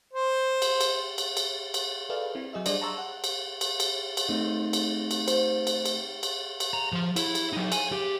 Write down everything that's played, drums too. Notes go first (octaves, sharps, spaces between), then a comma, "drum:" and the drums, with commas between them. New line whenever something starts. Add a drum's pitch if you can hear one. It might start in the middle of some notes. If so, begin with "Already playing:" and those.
C5
drum: cymbal
drum: cymbal
drum: cymbal
drum: cymbal
drum: cymbal
G#4 A4 B4 D5 E5 F5
C4 E4
F#3 G#4 D#5 E5
G3 D4 G#4 C5 D5 D#5, drum: cymbal
A5 A#5 C6 C#6 E6
F#5
drum: cymbal
drum: cymbal
drum: cymbal
drum: cymbal
A3 C4 D#4
drum: cymbal
drum: cymbal
C5, drum: cymbal
drum: cymbal
drum: cymbal
drum: cymbal
drum: cymbal
A#5
F3 C6
E4, drum: cymbal
drum: cymbal
F#3 D#4
G#5, drum: cymbal
G4